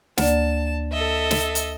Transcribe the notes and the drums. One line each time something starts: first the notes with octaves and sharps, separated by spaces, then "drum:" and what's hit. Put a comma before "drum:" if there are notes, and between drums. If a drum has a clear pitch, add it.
D2 A#3 D5 A5, drum: snare
A4 D#5 E5
drum: snare
drum: hi-hat